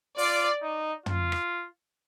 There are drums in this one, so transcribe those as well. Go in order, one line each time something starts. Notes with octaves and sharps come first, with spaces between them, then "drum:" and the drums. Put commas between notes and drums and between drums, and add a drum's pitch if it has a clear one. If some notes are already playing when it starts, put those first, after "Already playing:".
F4 D5, drum: open hi-hat
D#4
F4, drum: tom
drum: rim click